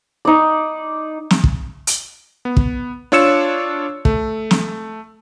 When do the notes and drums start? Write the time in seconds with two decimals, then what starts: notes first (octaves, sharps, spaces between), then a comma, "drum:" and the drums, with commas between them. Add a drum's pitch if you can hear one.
0.25 D#4 D5
1.30 drum: snare
1.44 drum: kick
1.87 drum: hi-hat
2.45 B3
2.57 drum: kick
3.12 D4 F4 C#5 E6 C#7 E7
4.05 A3, drum: kick
4.51 drum: snare